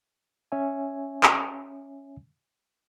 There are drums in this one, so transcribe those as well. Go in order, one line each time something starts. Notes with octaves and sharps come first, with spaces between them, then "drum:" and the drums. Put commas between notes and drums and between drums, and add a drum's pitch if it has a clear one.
C#4 C#5 E5 G#5
drum: clap